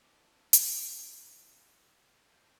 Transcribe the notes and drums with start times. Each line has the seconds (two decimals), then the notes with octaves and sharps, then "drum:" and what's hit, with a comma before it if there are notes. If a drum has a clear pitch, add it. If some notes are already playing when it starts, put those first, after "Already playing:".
0.02 C4 D4 E4 A#4 C5 D5
0.53 drum: hi-hat
2.32 A2 C5 D#5